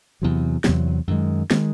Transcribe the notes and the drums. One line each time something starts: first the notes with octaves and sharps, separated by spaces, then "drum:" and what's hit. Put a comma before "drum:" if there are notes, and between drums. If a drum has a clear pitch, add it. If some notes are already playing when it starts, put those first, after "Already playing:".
E2 C3 F#3
E2 C3 F#3, drum: snare
F#2 D#3 G#3
D#3 G#3, drum: snare